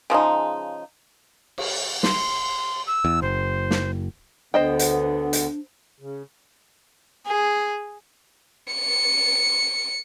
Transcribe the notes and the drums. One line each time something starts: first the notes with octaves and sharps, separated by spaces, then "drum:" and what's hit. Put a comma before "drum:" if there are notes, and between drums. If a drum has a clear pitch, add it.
C#3 F3 G#3 D#4
drum: cymbal
C6, drum: snare
E6
E2
F#1 C5
drum: snare
D2 D3 B3 D4 C5 D#5 G5
drum: hi-hat
drum: hi-hat
C#3
G#4
C#7